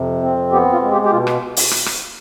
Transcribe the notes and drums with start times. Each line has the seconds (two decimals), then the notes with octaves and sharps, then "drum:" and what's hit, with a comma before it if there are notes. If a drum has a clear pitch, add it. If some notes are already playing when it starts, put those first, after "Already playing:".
Already playing: F2 C3
0.22 C4
0.52 B3 G4
0.72 F4
0.82 G#3
0.92 G4
1.05 G4
1.12 B2 F4
1.27 drum: rim click
1.57 drum: open hi-hat
1.71 drum: rim click
1.86 drum: rim click